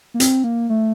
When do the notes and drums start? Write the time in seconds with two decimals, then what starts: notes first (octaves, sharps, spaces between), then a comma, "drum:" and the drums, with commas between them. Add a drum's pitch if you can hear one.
0.14 A#3
0.20 C4, drum: hi-hat
0.44 A#3
0.69 A3